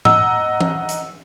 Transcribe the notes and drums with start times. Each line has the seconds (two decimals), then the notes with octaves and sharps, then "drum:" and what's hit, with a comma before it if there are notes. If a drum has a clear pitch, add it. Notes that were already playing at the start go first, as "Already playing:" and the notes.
0.05 D#5 F#5 A#5 E6, drum: tom G#2
0.61 drum: tom E3
0.89 drum: hi-hat